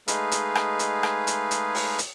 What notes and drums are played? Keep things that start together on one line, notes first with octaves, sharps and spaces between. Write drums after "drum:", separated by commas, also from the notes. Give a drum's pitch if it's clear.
G#3 A3 D#4 G#4 B4 F5, drum: hi-hat
drum: hi-hat
drum: rim click
drum: hi-hat
drum: rim click
drum: hi-hat
drum: hi-hat
drum: open hi-hat
drum: hi-hat